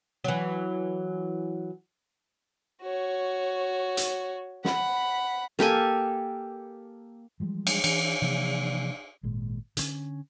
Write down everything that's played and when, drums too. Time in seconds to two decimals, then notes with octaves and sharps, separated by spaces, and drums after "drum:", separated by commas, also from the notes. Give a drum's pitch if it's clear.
0.24 E3 F#3
2.82 F#4 C#5
3.97 drum: hi-hat
4.65 F#5 B5, drum: snare
5.59 A#3 G4 A4 G#5, drum: snare
7.40 E3 F3 G3 G#3
7.67 drum: cymbal
7.84 E3 C#4, drum: cymbal
8.22 C3 E3 F3 A#3
9.23 G#1 A#2 G#3
9.77 D3 E3 C#4, drum: hi-hat